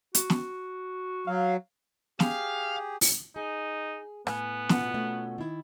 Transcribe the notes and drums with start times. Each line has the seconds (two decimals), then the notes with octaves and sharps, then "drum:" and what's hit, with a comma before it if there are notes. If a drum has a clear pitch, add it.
0.15 F#4, drum: hi-hat
0.30 drum: snare
1.27 F#3 F5
2.20 G4 G#4 F5, drum: snare
3.01 drum: open hi-hat
3.36 D#4 G#4
4.27 A2 B3 G#5, drum: rim click
4.69 B2 F4 F#5, drum: snare
4.94 A3 C#4 A4
5.38 D#3 E4